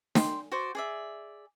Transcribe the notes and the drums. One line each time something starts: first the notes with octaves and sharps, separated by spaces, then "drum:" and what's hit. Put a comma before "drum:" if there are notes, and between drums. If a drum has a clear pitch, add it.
G5 C6, drum: snare
F#4 C5 D5
G#4 D5 E5